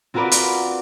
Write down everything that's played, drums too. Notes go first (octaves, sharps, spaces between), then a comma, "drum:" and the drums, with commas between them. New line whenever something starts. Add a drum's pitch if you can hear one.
C4 F4 F#4 A#4 B4 D5
drum: hi-hat